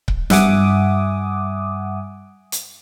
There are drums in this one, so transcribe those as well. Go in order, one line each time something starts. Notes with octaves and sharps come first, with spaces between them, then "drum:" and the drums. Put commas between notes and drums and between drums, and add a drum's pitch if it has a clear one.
drum: kick C#1
G2 E5 F#5 G#5 D6 D#6, drum: snare
drum: hi-hat